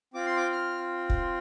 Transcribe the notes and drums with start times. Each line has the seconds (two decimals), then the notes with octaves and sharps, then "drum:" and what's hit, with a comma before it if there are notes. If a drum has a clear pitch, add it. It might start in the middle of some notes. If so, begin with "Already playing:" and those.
0.14 C4 F4 D6
0.26 C6
0.37 D6
0.53 F6
1.10 drum: kick